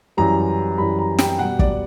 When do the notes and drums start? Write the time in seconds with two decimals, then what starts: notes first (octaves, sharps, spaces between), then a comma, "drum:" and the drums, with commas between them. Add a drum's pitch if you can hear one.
0.17 F#2 E3 G3 A#5
0.78 F#2 E3 G3 B5
0.99 A#5
1.19 G5, drum: snare
1.39 B2 G3 F#5
1.59 D5, drum: kick